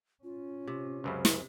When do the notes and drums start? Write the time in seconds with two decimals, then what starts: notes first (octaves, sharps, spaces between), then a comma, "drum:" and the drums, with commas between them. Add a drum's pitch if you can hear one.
0.24 C#4 F4
0.67 C3
1.04 C#2 F#2 C#3 C5
1.25 drum: snare